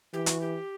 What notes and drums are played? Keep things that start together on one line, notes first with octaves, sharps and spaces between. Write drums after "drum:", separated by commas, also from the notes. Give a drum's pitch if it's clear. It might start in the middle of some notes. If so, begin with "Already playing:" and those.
E3 G4
F#4, drum: hi-hat
G4